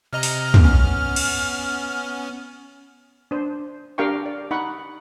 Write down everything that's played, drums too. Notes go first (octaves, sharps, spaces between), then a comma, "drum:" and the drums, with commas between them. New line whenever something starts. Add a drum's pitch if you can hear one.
C3 D#5 A#5 F6
drum: open hi-hat
drum: tom
B3 C#4
drum: cymbal
D4 C5
D4 G4 A#4 F5 G5 C#6
D5
D#4 F#5 B5 C#6